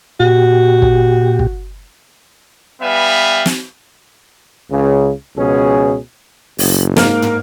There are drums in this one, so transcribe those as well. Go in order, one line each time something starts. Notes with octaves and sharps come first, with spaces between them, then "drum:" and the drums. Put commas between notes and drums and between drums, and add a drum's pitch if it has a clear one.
A#2 F#4 G4
drum: kick
drum: kick
G3 B3 B4 E5 F5 G#5
drum: snare
C#2 C#3
C#2 B2 F3 C#4 G#4
F#1, drum: open hi-hat
G#2 A#3 A#4, drum: snare
drum: tom